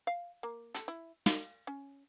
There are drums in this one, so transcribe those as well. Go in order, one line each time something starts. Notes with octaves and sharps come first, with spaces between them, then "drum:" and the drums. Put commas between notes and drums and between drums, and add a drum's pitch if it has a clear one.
F5
A#3
A4, drum: hi-hat
E4
F5, drum: snare
C#4